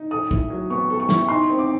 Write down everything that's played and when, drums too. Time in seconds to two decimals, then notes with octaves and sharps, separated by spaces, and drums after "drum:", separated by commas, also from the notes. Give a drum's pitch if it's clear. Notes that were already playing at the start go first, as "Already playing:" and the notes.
Already playing: D#4
0.11 A4 D#6
0.31 E4, drum: kick
0.50 F#3
0.70 B3 C#6
0.90 A4
1.00 C#6
1.09 E4, drum: snare
1.29 D#4 C6
1.49 C4
1.59 D6